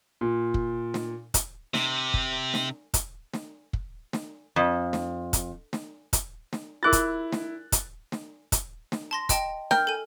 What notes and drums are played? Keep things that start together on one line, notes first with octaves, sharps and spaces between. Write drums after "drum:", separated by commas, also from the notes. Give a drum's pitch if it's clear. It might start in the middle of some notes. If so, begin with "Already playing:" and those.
A#2
drum: kick
drum: snare
drum: kick, hi-hat
C3, drum: snare
drum: kick
drum: snare
drum: kick, hi-hat
drum: snare
drum: kick
drum: snare
F2
drum: snare
drum: kick, hi-hat
drum: snare
drum: kick, hi-hat
drum: snare
E4 F4 G#4 A#4 F#6 A6
drum: kick, hi-hat
drum: snare
drum: kick, hi-hat
drum: snare
drum: kick, hi-hat
drum: snare
A5 C6 A#6
D#5 G5 A5, drum: kick, hi-hat
A#4 G5 F6, drum: snare
A4 G#5